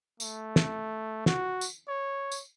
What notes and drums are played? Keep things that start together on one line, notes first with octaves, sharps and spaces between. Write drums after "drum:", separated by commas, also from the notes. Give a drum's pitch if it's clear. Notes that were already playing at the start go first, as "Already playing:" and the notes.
A3, drum: tambourine
drum: snare
F#4, drum: snare
drum: tambourine
C#5
drum: tambourine